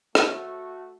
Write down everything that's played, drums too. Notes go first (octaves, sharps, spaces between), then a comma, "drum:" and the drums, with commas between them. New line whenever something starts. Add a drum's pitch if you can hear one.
A3 F#4, drum: rim click